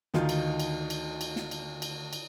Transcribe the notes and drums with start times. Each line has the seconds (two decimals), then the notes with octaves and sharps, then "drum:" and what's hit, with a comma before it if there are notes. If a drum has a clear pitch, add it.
0.14 D2 D#3 D#4 F4, drum: snare
0.29 drum: cymbal
0.60 drum: cymbal
0.90 drum: cymbal
1.21 drum: cymbal
1.36 drum: snare
1.51 drum: cymbal
1.82 drum: cymbal
2.13 drum: cymbal